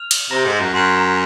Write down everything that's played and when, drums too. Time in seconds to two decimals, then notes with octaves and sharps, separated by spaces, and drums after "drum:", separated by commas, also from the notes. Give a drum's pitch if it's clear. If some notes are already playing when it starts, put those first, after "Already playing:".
Already playing: F6 F7
0.11 drum: cymbal
0.30 C3 A#5 A#6
0.46 G#2
0.60 F#2
0.73 F#2 C6
0.96 A#5